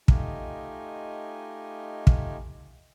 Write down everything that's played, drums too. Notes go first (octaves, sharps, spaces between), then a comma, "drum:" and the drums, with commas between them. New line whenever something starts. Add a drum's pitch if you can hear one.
A3 D#4 F4 G4 D#5 G#5, drum: kick
drum: kick